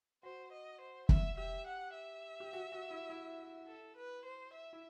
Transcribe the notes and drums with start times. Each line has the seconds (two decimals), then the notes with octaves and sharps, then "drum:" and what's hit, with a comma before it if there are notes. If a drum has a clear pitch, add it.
0.23 F#4 C5
0.52 D#5
0.81 C5
1.09 E5, drum: kick
1.37 G4 E5
1.67 F#5
1.95 E5
2.40 G4
2.53 F#4
2.72 F#4
2.90 E4
3.10 E4
3.67 A4
3.96 B4
4.25 C5
4.54 E5
4.73 E4